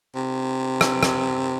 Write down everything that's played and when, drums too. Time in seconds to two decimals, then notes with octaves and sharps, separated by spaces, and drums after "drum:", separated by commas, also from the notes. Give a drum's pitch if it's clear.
0.15 C3
0.81 drum: rim click
1.03 drum: rim click